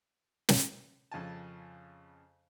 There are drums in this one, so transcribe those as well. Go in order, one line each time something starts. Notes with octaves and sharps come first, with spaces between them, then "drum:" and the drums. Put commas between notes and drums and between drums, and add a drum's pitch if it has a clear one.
drum: snare
F2 C#3 G#5 A5